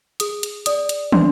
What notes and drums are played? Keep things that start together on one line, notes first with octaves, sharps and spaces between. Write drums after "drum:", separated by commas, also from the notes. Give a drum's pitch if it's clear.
G#4 D#6, drum: hi-hat
drum: hi-hat
D5 D#6, drum: hi-hat
drum: hi-hat
D4 C6, drum: tom